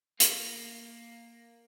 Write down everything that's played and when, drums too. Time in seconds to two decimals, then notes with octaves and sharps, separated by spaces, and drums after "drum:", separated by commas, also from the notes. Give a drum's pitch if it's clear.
0.20 A#3, drum: hi-hat